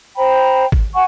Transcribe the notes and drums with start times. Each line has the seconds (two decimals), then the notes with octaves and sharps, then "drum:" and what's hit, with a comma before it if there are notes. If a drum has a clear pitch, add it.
0.16 C5 G5 A#5 B5
0.72 drum: kick
0.94 F#5 G#5 C#6